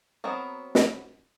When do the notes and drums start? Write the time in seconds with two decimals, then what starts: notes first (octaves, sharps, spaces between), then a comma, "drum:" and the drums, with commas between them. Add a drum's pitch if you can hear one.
0.24 F#3 B3 C4 A#4 D#5
0.75 drum: snare